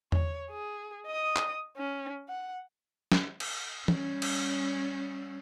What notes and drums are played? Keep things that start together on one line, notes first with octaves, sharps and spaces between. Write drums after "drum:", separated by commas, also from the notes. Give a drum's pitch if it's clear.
C#5, drum: tom E2
G#4
D#5 D#6
drum: clap
C#4
F#5
drum: snare
drum: cymbal
G3 C#4, drum: tom E3
drum: cymbal